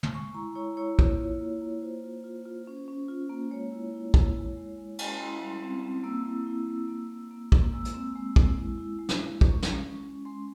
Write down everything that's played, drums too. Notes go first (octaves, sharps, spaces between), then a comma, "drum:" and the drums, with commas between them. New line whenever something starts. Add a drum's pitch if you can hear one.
drum: tom
G#3 C#6
E4 A#5
E4 C#5
E4 C#5
A#3, drum: kick
F4
A#3
A#3
F4 C5
F4
F4
F4
C#4
C#4
F4
A#3
G#3 C#5
E4
E4
E4, drum: kick
G#3
G#3
G#3
C#4, drum: cymbal
E4 C6
G3
C4
C4
A#3 E6
E4
E4
A#3
A#3
A#3
A#3
A#3, drum: kick
G#3 E6
drum: hi-hat
C4
G#3
G#3, drum: kick
E4
E4
G#3
drum: snare
G#3
G#3 C#6, drum: kick
C#4, drum: snare
G#3
C#4
G#3 C6